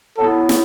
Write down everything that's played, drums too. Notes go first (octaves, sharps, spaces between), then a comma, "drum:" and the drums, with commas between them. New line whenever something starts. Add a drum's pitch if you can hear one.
F#3 B3 E4 A4
drum: snare